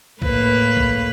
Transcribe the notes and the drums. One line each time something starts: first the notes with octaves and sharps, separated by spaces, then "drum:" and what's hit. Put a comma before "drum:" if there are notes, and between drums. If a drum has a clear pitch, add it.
A2 A#3 B4, drum: kick
drum: kick